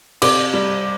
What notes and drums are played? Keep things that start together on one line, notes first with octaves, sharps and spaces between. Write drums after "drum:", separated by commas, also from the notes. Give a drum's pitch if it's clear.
C3 D6, drum: cymbal
G3